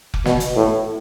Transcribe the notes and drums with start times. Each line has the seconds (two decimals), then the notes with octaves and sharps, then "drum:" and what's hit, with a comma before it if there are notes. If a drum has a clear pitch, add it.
0.14 drum: kick F1
0.25 B2, drum: snare
0.40 drum: hi-hat
0.56 A2